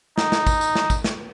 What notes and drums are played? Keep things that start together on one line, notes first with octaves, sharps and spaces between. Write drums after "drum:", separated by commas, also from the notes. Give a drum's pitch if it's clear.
D#4, drum: snare
drum: snare
drum: kick, tambourine
drum: tambourine
drum: snare
drum: kick, tambourine
drum: snare